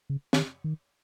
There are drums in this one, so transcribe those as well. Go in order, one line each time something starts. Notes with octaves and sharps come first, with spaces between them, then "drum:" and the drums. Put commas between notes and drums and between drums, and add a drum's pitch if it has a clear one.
C#3
D#3, drum: snare
D#3